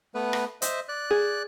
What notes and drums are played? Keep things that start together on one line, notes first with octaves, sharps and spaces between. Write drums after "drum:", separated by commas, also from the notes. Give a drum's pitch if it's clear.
A3 B3 B4
drum: rim click
C5 D#5 E5, drum: hi-hat
D5 F#6
G#4